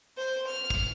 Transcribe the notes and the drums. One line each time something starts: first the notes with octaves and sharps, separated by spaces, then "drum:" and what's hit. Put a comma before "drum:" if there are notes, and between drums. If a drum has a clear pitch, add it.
C5
F6
drum: kick, hi-hat